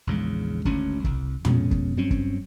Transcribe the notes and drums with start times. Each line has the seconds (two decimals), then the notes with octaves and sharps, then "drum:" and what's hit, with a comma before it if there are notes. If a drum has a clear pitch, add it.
0.07 A#1 E2 C#3 G#3
0.65 G#1 D2 C#4, drum: kick
1.04 C2, drum: kick
1.45 F2 B2 G#3 C#4, drum: tom
1.71 drum: kick
1.97 G2 F#3 C4 C#4
2.11 drum: kick